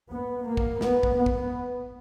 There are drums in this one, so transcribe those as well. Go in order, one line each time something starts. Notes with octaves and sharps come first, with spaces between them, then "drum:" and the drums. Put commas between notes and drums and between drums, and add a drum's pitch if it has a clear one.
B3
A#3
drum: kick
B3, drum: snare
drum: kick
B3
drum: kick